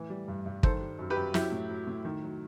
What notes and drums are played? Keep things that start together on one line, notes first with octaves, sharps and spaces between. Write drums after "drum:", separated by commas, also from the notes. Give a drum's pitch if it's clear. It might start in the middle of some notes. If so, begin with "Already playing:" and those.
Already playing: A2 E3
G3
G2
G2
D#3 A4 C5, drum: kick
G3
F#2
G4 B4
F#2
F#3 E4 G4, drum: snare
A2
F#3
A2
D#3
F#3